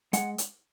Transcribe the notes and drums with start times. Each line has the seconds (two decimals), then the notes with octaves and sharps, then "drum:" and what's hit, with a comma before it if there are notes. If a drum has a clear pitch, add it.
0.13 G#3 F#5, drum: hi-hat
0.38 drum: hi-hat